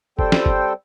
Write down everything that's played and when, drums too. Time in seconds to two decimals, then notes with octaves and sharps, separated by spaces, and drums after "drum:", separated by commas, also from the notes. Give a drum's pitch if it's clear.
0.19 G3 C4 A4 C5 G5, drum: kick
0.32 drum: snare
0.46 drum: kick